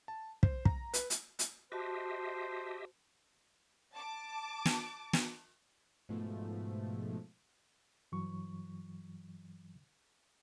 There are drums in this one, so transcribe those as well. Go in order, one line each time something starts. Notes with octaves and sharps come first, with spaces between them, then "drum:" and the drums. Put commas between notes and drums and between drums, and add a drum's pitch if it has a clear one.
A5
C5, drum: kick
A#5, drum: kick
B4, drum: hi-hat
drum: hi-hat
drum: hi-hat
F#4 G4 C5 D#5 E5 A5
A5 D6
drum: snare
drum: snare
G#2 B2 F3 A3
G2 E3 F#3 C#6